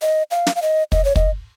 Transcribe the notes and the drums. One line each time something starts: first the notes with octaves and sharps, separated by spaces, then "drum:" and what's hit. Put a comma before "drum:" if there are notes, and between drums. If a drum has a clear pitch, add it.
D#5
F5
drum: snare
F5
D#5
D#5, drum: kick
C#5
D#5, drum: kick